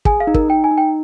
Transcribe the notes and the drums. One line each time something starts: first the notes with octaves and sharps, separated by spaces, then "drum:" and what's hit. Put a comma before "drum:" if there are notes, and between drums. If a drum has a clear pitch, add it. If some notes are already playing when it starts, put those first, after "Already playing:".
G#4 G#5, drum: kick
F5
D#4
A#4, drum: kick
D#4 G5
G#5
D#4
G5